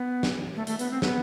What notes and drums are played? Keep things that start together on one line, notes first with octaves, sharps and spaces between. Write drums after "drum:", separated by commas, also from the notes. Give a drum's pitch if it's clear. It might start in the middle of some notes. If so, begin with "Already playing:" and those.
Already playing: B3
drum: snare
A3
A3, drum: hi-hat
B3, drum: hi-hat
C4
B3, drum: snare